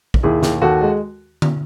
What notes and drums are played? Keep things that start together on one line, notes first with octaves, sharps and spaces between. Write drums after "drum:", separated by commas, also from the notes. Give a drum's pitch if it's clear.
drum: kick
D#2 E4 G#4
D#2, drum: snare
D#2 F#4 A4
G#3
drum: tom D3